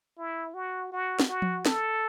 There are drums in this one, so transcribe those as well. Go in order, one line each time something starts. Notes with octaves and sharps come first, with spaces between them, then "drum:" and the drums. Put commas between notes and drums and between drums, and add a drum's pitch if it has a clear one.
E4
F#4
F#4
drum: snare
F#4
drum: tom F3
A4, drum: snare